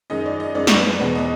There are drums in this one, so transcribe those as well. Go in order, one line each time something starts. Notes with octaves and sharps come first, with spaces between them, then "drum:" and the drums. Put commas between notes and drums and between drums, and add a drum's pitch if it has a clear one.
F#2 D#3 G#3 D#5
D5
D#5
F#2 D#3 G#3 D5
drum: snare
B4
E2 B2 G#3 B4
D#5